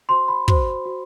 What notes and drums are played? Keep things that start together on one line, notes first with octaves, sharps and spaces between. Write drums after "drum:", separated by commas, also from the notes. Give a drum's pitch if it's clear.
F#4 C5 C6
B5
F#4 C5 C6, drum: kick
F#4 C5